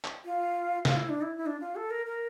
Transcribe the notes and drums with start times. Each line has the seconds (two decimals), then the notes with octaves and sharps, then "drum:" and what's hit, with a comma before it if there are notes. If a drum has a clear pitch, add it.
0.04 drum: clap
0.25 F4
0.85 F4, drum: snare
0.97 E4
1.09 D4
1.22 E4
1.37 E4
1.46 D4
1.60 F4
1.76 A4
1.90 A#4
2.06 A#4